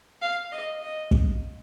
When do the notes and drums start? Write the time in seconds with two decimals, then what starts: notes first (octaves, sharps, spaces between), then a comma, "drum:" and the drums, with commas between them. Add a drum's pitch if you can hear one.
0.22 F5
0.52 D#5
0.81 D#5
1.11 drum: kick